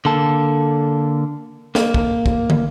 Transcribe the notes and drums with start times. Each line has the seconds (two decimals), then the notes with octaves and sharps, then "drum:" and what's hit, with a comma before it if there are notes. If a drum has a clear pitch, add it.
0.05 D3 A#3 A4
1.75 A#3, drum: snare
1.94 drum: kick
2.26 drum: kick
2.50 drum: tom